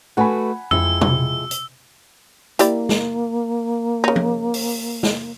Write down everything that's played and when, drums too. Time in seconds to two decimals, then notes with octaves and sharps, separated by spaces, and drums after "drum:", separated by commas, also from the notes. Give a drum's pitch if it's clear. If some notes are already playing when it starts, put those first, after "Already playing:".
0.17 A3 F#4 B4 F#5 G#5 B5
0.71 F2 G#3 E4 E6, drum: tom F2
1.01 drum: tom B2
1.51 drum: hi-hat
2.59 A#3 E4 G4 D5, drum: hi-hat
2.89 drum: snare
4.04 C#3 D#4
4.16 drum: tom F3
4.54 drum: open hi-hat
5.03 drum: snare